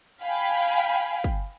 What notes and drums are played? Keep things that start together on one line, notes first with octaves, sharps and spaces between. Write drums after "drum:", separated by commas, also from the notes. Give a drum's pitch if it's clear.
F5 G5 G#5 B5
drum: kick